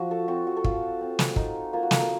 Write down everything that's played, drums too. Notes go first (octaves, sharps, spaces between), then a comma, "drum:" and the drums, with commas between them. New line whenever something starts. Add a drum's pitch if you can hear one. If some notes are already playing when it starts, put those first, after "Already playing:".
Already playing: F3 F#4
A4
C4 F#4
F#4
A4
F4 F#4, drum: kick
C4
drum: snare
D#4, drum: kick
A#3 F4
F#4
A4, drum: snare
A#4